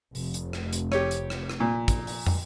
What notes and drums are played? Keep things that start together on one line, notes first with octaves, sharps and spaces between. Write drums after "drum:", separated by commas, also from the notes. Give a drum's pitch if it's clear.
F1, drum: open hi-hat
drum: hi-hat
drum: rim click
drum: hi-hat
G4 C#5, drum: rim click
drum: hi-hat
drum: rim click
drum: rim click
A#2
drum: kick, hi-hat
drum: open hi-hat
drum: tom